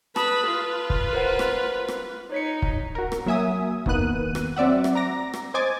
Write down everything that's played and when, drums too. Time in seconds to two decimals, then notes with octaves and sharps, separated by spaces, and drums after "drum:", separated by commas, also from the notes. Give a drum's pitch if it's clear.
0.16 B4 A5 B5 D#6, drum: rim click
0.48 F4 B4
0.90 drum: kick
1.13 A#4 C5 F#5
1.39 drum: rim click
1.88 drum: rim click
2.32 D#4 C#5 B6 C#7
2.62 drum: kick
2.95 F#4 A#4
3.12 drum: rim click
3.26 F#3 A#3 E5 G#5 D#6
3.86 E2 D#3 A#3 B3 F#6 D#7, drum: kick
4.35 drum: rim click
4.56 F#3 C4 D5 E5 F#5
4.84 drum: rim click
4.95 A#5 D6 A#6
5.34 drum: rim click
5.54 C5 D#5 G#5 D6 G#6 A6